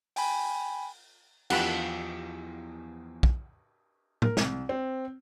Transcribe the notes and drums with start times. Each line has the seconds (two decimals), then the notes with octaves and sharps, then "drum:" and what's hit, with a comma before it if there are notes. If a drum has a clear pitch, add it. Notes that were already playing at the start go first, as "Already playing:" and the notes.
0.16 G5 G#5 B5, drum: open hi-hat
1.50 E2 F3 G4 F5 F#5 A5 B5, drum: cymbal
3.23 drum: kick
4.22 A#4, drum: tom A2
4.37 C2, drum: snare
4.69 C4